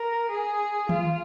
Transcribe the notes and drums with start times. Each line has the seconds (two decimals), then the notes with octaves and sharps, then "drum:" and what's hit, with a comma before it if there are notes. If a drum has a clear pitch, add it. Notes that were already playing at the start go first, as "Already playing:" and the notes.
Already playing: A#4
0.31 G#4
0.89 F4, drum: tom D#3